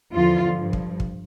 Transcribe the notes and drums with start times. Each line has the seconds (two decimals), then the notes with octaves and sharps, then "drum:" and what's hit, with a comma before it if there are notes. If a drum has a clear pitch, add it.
0.13 E2 D3 F3 F4
0.56 G2 F3
0.73 drum: kick
1.00 drum: kick